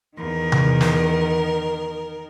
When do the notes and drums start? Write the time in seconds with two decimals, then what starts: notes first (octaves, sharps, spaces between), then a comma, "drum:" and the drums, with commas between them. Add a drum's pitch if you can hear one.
0.17 E2 D#3 A#4
0.52 drum: tom C3
0.81 drum: snare